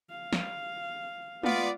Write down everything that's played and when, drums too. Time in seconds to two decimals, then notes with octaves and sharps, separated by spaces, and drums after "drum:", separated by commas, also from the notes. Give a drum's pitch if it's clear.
0.10 F5
0.33 drum: snare
1.43 B3 F4 D5, drum: tom G#3